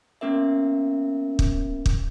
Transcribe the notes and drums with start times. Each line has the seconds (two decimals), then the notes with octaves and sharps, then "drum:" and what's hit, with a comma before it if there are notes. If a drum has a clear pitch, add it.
0.21 A#3 B3 C#4 A#4 E5
1.39 drum: kick
1.86 drum: kick